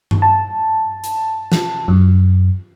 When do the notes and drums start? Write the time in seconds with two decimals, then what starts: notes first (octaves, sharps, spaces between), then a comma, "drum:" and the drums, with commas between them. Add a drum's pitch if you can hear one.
0.11 drum: tom G2
0.22 A5
1.04 drum: hi-hat
1.52 drum: snare
1.88 F#2